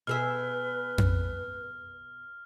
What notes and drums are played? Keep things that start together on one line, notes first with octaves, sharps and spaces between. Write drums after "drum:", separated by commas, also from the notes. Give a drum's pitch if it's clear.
B2 G#4 B4 E5 F6
drum: tom F2